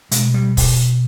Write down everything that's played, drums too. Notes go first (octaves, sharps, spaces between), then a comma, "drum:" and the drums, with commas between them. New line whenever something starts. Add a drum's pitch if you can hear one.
B2 G#3, drum: hi-hat
G3
drum: kick, open hi-hat